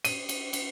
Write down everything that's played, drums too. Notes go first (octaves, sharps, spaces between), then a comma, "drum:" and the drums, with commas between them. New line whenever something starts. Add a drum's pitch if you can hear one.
D#7, drum: cymbal
drum: cymbal
drum: cymbal